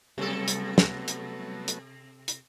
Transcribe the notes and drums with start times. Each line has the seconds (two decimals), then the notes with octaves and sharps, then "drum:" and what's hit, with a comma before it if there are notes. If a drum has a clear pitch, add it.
0.18 C3 F#3 G3 A3 B3 A4
0.48 drum: hi-hat
0.78 drum: snare
1.08 drum: hi-hat
1.68 drum: hi-hat
2.28 drum: hi-hat